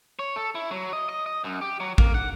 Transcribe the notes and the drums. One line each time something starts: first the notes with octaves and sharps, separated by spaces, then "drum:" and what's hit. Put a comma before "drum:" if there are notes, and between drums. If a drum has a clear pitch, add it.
C#5
A4
E4
F#3
D#5
D#5
D#5
F#2
G4
F#3
A#3, drum: kick A1
F#5